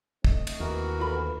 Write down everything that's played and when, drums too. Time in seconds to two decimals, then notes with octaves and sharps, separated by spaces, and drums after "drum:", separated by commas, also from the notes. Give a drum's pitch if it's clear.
0.24 A3 C4 D#5, drum: kick
0.47 drum: cymbal
0.60 D#2 E3 F#4 A#4
0.99 D2 F4 A4 B4 B5